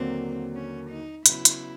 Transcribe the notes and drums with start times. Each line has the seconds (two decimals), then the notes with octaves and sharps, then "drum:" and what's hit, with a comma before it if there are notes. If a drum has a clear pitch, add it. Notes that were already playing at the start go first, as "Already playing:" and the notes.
Already playing: D#2 D3 F#3 A#3 C4
0.55 C#4
0.91 D#4
1.26 C#3 F#3 B3 E4, drum: hi-hat
1.45 drum: hi-hat